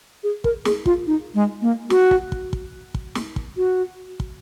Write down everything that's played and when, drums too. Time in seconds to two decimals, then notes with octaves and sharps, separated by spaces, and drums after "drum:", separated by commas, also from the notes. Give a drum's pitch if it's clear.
0.24 G#4
0.44 A#4, drum: kick
0.65 G#4, drum: snare
0.86 F4, drum: kick
1.07 D#4
1.35 G#3
1.62 A#3
1.90 F#4, drum: snare
2.11 drum: kick
2.32 drum: kick
2.53 drum: kick
2.94 drum: kick
3.15 drum: snare
3.36 drum: kick
3.57 F#4
4.20 drum: kick